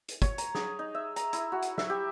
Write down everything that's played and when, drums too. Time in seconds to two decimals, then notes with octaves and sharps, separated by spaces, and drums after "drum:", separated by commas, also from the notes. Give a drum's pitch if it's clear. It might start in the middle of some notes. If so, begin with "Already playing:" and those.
0.09 drum: hi-hat
0.22 C#5, drum: kick, hi-hat
0.38 A#5, drum: hi-hat
0.55 G#4, drum: snare
0.79 D#4
0.95 E5
1.16 A#5, drum: hi-hat
1.33 E4, drum: hi-hat
1.52 F#4
1.62 drum: hi-hat
1.78 E5, drum: snare
1.90 G4